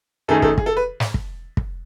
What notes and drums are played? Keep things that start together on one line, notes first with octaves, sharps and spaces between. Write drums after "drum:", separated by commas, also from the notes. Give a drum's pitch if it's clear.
F#2 D#3 A3 D#4 G#4 A4
A4, drum: kick
G#4, drum: kick
A4
B4
drum: snare
drum: kick
drum: kick